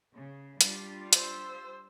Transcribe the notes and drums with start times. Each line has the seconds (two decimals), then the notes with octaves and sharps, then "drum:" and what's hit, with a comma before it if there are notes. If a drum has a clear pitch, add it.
0.15 C#3
0.61 G3 D4 F4, drum: hi-hat
1.13 C5 E6, drum: hi-hat